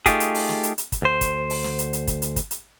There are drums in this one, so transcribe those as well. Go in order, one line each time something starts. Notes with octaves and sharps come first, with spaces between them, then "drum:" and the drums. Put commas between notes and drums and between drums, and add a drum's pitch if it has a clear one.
A3 D#4 F4 G4 G#4, drum: kick, hi-hat
drum: hi-hat
drum: open hi-hat
drum: snare
drum: hi-hat
drum: hi-hat
drum: kick, hi-hat
D2 C5
drum: kick, hi-hat
drum: open hi-hat
drum: snare
drum: hi-hat
drum: hi-hat
drum: kick, hi-hat
drum: hi-hat
drum: kick, hi-hat
drum: hi-hat